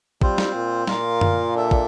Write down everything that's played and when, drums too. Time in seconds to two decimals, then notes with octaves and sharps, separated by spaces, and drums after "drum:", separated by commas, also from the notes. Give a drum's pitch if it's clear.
0.22 G3 C4 F4 C5, drum: kick
0.38 drum: snare
0.55 A#2
0.87 A#2 F4 A#4 F5, drum: snare
1.21 drum: tom F#2
1.54 D4 A4 E5
1.71 drum: kick